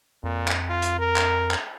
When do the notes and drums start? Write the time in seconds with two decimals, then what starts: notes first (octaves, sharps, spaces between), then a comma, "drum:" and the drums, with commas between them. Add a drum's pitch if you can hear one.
0.24 F2 A#2
0.48 drum: clap
0.69 F4
0.82 drum: hi-hat
0.99 A#4
1.17 drum: clap
1.51 drum: clap